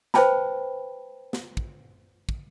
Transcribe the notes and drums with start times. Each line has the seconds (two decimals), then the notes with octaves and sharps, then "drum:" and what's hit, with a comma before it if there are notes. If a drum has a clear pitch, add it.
0.14 B4 C5 G5 A5 B5, drum: snare
1.33 drum: snare
1.57 drum: kick
2.29 drum: kick